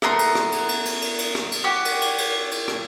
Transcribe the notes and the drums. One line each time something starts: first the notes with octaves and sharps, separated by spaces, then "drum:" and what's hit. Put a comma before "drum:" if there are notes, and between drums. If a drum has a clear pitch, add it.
A3 B3 A#4 C6, drum: rim click
drum: cymbal
drum: rim click
drum: cymbal
drum: cymbal
drum: cymbal
drum: cymbal
drum: cymbal
drum: rim click
drum: cymbal
F#4 G4
drum: cymbal
drum: cymbal
drum: cymbal
drum: cymbal
drum: rim click